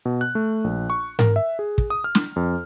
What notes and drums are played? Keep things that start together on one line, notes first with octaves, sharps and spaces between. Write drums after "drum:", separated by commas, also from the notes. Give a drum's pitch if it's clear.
B2
F#6
A3
A#1
C#6
A#4, drum: tom G#2
E5
G#4
drum: kick
D#6
F6
drum: snare
F2